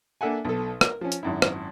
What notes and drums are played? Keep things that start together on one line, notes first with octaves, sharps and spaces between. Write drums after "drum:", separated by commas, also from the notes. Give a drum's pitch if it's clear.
A#3 D4 A4 E5 F#5 G#5
B1 A4
A#4, drum: rim click
F3 C#4
drum: hi-hat
G#1 F#2 E4
drum: rim click